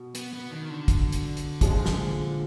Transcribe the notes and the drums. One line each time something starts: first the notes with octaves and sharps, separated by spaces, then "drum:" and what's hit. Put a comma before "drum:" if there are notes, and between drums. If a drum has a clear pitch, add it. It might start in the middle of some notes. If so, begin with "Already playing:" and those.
Already playing: B2
B3, drum: hi-hat
B3
D#3
D3
drum: kick, hi-hat
drum: hi-hat
drum: hi-hat
A#2 F3 G#3, drum: kick, hi-hat
drum: snare